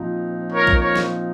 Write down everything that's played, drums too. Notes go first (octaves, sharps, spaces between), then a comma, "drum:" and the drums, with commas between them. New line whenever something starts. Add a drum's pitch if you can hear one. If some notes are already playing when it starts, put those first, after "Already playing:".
Already playing: A#2 F3 C4 D#4
A#4 C#5
drum: kick A#1
A#4 C#5
drum: snare